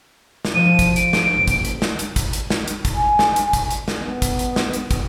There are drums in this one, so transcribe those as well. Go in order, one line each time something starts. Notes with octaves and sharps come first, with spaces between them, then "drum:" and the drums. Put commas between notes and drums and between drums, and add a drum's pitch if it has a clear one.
drum: snare
F3 D#7
drum: kick, hi-hat
D7, drum: hi-hat
drum: snare
F#1
drum: kick, hi-hat
drum: hi-hat
drum: snare
drum: hi-hat
drum: kick, hi-hat
drum: hi-hat
drum: snare
drum: hi-hat
drum: kick, hi-hat
G#5
drum: snare
drum: hi-hat
drum: kick, hi-hat
drum: hi-hat
drum: snare
B3
drum: kick, hi-hat
drum: hi-hat
drum: snare
drum: hi-hat
drum: kick, hi-hat